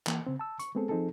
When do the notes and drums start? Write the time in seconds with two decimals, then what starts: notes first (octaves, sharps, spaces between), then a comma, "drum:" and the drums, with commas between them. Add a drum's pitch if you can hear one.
0.07 E3 A#3, drum: clap
0.27 C#3 C4
0.39 A5 E6
0.59 C#6, drum: hi-hat
0.75 G#3 B3 C4 G#4 A4
0.89 F3 C4 D#4 G#4 A4